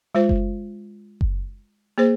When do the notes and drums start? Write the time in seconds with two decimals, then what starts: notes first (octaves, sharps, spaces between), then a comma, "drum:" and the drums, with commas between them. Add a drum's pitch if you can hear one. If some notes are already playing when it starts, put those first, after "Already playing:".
0.15 G#3 F4 C5
0.29 drum: kick F#1
1.21 drum: kick F#1
1.98 A#3 G#4 C5